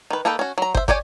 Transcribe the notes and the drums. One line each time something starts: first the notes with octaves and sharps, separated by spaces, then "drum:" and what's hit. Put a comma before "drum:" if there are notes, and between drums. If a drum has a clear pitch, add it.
D#3 B4
A#3 D#4 A4 B4 G5
C#4 F#4
F#3 A#5
C5 E5, drum: kick
G4 C#5 D5 G#5, drum: kick